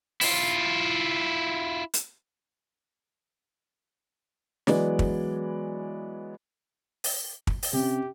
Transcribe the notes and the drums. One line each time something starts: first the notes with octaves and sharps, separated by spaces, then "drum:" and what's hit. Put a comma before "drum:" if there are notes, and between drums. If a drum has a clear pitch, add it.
E4 F4, drum: open hi-hat
drum: hi-hat
E3 F#3 G#3 B3 D5, drum: snare
drum: kick
drum: open hi-hat
drum: kick
drum: open hi-hat
C3 C#4 G4